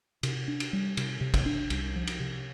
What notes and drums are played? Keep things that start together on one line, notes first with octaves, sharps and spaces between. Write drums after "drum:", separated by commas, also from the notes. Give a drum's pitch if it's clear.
C3, drum: cymbal
D4
drum: cymbal
G3
C3, drum: cymbal
C3
drum: kick, cymbal
D4
C2, drum: cymbal
F3
drum: cymbal
C3